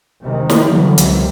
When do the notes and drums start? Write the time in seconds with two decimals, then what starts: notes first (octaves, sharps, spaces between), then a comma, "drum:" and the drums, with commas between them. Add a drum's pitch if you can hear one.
0.21 C3 D#3 G#3
0.50 drum: snare
0.65 D3 E3 F#3 G3 A#3
0.98 C#2 C3, drum: hi-hat